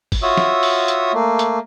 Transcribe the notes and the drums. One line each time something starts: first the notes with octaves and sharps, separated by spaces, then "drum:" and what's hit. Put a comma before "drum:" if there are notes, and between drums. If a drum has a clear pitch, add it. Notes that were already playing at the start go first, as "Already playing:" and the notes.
drum: kick, open hi-hat
F4 F#4 C#5 E5 D#6 E6
drum: snare
drum: open hi-hat
drum: hi-hat
A3 A#3
drum: hi-hat